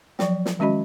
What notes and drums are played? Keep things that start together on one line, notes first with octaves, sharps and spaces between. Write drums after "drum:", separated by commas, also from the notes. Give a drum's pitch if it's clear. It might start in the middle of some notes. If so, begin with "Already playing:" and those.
F3 F#3 D5 G5, drum: snare
drum: snare
D#3 G#3 C#4 F#4 D#5 B5